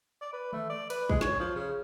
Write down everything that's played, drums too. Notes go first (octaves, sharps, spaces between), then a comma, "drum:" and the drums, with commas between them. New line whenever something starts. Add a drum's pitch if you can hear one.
D5
B4
A3, drum: tom D#3
D5
B4, drum: cymbal
G#3, drum: kick
C#5, drum: snare
F3
C#3